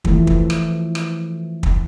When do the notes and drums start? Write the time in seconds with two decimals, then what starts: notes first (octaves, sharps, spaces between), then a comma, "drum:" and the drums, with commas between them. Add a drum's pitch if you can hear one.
0.05 E3 F3 A3, drum: kick
0.27 drum: kick
0.50 drum: rim click
0.95 drum: rim click
1.63 drum: kick